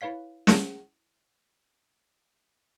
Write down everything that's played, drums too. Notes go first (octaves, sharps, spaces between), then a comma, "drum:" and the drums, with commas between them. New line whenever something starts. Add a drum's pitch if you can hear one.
E4 B4 C#5 F5 B6
drum: snare